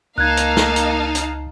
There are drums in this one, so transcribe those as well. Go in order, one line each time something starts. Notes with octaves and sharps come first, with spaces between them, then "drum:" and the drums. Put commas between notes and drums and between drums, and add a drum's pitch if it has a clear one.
C#2 A#3 D#4 F5 A5 F#6 G#6
drum: hi-hat
drum: snare
drum: hi-hat
drum: hi-hat